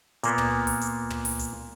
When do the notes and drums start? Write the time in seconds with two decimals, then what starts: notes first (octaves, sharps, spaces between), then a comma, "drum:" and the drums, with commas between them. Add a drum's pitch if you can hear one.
0.23 A#2 A#3 B3, drum: hi-hat
0.38 drum: tom
0.67 drum: open hi-hat
0.81 drum: hi-hat
1.10 drum: tom
1.25 drum: open hi-hat
1.39 drum: hi-hat